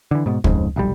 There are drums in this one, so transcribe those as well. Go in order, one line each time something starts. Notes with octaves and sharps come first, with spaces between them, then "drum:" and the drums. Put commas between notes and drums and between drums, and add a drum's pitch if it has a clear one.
D3 E3
G#2 B2
F2 G#2 C#3, drum: kick
F1 B1 G3